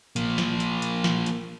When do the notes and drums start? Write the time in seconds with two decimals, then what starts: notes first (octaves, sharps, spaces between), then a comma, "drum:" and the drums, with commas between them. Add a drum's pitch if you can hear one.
0.16 F3 A#3, drum: hi-hat
0.38 drum: snare
0.60 drum: hi-hat
0.82 drum: hi-hat
1.04 drum: snare
1.26 drum: hi-hat